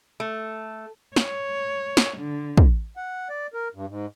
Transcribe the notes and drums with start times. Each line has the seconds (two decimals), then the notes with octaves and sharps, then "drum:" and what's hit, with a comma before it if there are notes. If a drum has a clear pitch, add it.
0.20 A3
1.16 C#5, drum: snare
1.97 drum: snare
2.17 D3
2.57 drum: kick
2.97 F#5
3.30 D5
3.54 A#4
3.75 G2
3.88 G#2